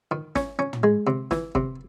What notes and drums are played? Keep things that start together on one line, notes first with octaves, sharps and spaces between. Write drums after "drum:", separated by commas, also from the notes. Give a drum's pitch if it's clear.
D#3
C#4, drum: snare
C#4
drum: tom
G#3
C3
E3, drum: snare
C3, drum: kick